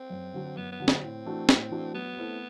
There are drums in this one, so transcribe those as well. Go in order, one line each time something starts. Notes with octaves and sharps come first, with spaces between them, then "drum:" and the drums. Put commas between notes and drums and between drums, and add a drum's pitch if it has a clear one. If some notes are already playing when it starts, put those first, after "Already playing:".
Already playing: C4
F#2
D3 F#3
F#2 B3
B3
D3 F#3
C4, drum: snare
A2
E3 A3 D4 F#4
A2, drum: snare
E3 A3 D4 F#4
F#3 B3
A3 C4 E4 A4